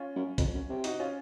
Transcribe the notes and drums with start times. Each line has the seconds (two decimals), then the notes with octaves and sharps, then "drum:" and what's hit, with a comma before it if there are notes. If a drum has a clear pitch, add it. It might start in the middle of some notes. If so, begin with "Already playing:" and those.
Already playing: C#4 F4
0.16 F#2
0.38 F2, drum: kick, hi-hat
0.54 F#2
0.69 C3
0.84 D#4 F#4, drum: hi-hat
1.00 C#4 F4